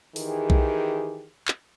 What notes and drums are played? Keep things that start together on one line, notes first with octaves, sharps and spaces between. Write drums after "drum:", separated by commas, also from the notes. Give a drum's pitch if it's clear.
D#3 E3 G4 G#4, drum: open hi-hat
drum: kick B1
drum: clap